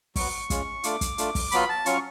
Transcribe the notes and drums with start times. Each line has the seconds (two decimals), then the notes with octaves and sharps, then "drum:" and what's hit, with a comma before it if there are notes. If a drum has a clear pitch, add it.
0.16 F#3 B3 F#4 C#6, drum: kick, open hi-hat
0.50 G#3 C#4 F4, drum: kick, hi-hat
0.84 A3 D4 F4 D6, drum: hi-hat
1.01 drum: kick, hi-hat
1.18 A3 D4 F4, drum: hi-hat
1.35 drum: kick, open hi-hat
1.52 F#3 B3 F4 B5, drum: hi-hat
1.69 A5
1.86 F#3 C#4 F4 C#6, drum: hi-hat